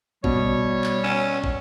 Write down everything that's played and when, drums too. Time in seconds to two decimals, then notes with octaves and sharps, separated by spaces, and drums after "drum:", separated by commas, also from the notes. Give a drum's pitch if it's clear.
0.24 B2 G3 C#5, drum: kick
0.84 drum: clap
1.04 C#4 E7
1.44 drum: kick